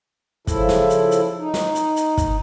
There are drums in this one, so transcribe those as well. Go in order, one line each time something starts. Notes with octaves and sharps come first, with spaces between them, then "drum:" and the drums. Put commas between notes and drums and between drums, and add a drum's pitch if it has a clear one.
C#3 F3 E4 A4, drum: kick, hi-hat
drum: snare
drum: hi-hat
drum: hi-hat
D#4
drum: snare
drum: hi-hat
drum: hi-hat
drum: kick, hi-hat